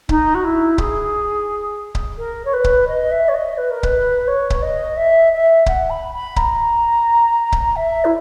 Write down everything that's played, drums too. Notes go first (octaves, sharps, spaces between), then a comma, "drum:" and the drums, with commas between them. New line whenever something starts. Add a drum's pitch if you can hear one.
D#4, drum: kick C#1
F#4
E4
G#4, drum: kick C#1
drum: kick C#1
A#4
C#5
B4
drum: kick C#1
D#5
E5
C#5
D#5
B4
A#4
B4, drum: kick C#1
C#5
drum: kick C#1
D#5
E5
E5
F#5, drum: kick C#1
B5
B5
A#5, drum: kick C#1
drum: kick C#1
E5
E4